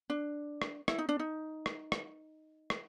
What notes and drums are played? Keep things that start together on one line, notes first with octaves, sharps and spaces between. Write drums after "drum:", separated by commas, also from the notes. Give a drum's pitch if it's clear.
D4
drum: rim click
E4, drum: rim click
D#4
D4
D#4
drum: rim click
drum: rim click
drum: rim click